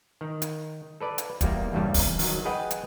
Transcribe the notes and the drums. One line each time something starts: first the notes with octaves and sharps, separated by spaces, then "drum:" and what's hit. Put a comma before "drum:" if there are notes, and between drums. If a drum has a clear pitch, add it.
D#3
drum: hi-hat
A4 B4 D5
drum: hi-hat
E2 G3 A#3, drum: kick, hi-hat
E2 G2 C#3 G3
drum: kick, open hi-hat
D#3 F#3, drum: open hi-hat
G#4 B4 D#5 F#5 G5
drum: hi-hat